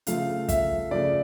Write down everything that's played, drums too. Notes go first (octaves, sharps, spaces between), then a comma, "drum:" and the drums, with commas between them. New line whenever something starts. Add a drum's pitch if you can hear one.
C#3 F3 A3 F5, drum: hi-hat
E5, drum: kick, hi-hat
C#3 F3 A3 D5